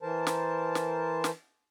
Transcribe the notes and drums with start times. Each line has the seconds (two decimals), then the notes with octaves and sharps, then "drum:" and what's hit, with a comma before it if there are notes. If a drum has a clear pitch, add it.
0.02 E3 A#4 C5 A5
0.27 drum: snare
0.75 drum: snare
1.24 drum: snare